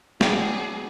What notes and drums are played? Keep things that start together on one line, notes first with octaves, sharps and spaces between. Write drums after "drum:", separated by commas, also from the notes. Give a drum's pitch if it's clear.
C#3 F#3 B3 D4 G#4 G5, drum: snare